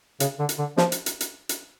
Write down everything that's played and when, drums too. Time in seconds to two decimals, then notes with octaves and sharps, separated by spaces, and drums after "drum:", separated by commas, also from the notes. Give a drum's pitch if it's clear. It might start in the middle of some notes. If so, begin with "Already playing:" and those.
0.20 C#3, drum: hi-hat
0.39 D3
0.49 drum: hi-hat
0.58 D3
0.77 F3, drum: snare
0.92 drum: hi-hat
1.06 drum: hi-hat
1.20 drum: hi-hat
1.49 drum: hi-hat